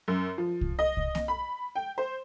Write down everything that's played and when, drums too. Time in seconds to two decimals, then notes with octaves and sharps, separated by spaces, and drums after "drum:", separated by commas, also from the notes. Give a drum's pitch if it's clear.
0.08 F#2
0.38 F3
0.61 drum: kick C2
0.79 D#5
0.97 drum: kick C2
1.15 drum: snare A#3
1.28 B5
1.75 G5
1.98 C5